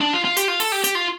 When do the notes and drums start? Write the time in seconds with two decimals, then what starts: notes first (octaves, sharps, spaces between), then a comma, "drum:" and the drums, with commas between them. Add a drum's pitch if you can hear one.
0.01 D4
0.13 F4
0.25 F4
0.37 G4, drum: hi-hat
0.48 F4
0.60 A4, drum: open hi-hat
0.72 G4
0.84 G4, drum: hi-hat
0.95 F4